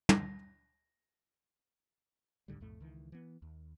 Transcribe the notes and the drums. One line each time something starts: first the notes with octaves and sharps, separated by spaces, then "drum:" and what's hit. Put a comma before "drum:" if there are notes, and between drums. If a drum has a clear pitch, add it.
A#6, drum: tom
C#2 G#2 D3 G3
B1 F2 A2 A3
C#2 D#3 E3
E3 B3
D#2